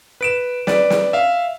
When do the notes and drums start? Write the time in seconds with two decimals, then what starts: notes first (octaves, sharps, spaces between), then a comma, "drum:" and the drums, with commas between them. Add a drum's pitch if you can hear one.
0.21 B4 D7 E7
0.67 B4 D5, drum: snare
0.90 drum: snare
1.13 E5 F5